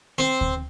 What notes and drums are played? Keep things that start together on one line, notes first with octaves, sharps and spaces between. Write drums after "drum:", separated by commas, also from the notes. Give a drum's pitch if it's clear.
C4
drum: kick D2